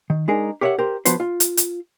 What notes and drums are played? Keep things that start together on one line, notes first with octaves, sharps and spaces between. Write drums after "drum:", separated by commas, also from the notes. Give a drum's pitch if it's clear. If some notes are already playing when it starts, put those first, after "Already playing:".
D#3
G#3 D4 D#4 G#4 A#4
G4 A#4 C#5 D#5 E5 F#5
G4 A#4 C5
F3 B3 F#4 B4 C5, drum: hi-hat
F4
drum: hi-hat
drum: hi-hat